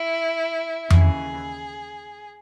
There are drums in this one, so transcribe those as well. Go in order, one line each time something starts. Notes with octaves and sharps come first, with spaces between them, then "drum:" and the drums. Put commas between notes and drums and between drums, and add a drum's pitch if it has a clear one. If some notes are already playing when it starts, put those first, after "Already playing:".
Already playing: E4
D#2 C#3 E3 G#4, drum: tom F2